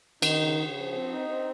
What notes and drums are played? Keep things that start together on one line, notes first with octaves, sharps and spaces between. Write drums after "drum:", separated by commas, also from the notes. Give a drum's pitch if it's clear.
D#3 D#4, drum: cymbal
C#3
C#3
F3
C4
D#4
C4